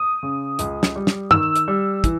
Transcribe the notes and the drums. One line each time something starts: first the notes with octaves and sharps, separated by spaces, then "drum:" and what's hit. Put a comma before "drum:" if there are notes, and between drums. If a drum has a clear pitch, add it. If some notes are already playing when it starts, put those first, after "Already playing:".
Already playing: D#6
C#3
C#2, drum: hi-hat
drum: snare
G3
drum: snare
D#3 E6, drum: tom
drum: hi-hat
G3
E3, drum: kick, hi-hat